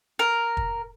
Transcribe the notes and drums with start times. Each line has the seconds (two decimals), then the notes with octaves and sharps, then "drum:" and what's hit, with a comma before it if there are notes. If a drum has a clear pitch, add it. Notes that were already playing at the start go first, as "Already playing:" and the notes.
0.19 A#4
0.57 drum: kick